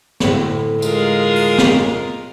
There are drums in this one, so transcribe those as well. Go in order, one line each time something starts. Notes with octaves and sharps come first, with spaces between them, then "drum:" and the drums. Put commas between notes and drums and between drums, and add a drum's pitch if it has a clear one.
D2 A2, drum: snare
G#3 F4 A#4, drum: tambourine
drum: open hi-hat
drum: snare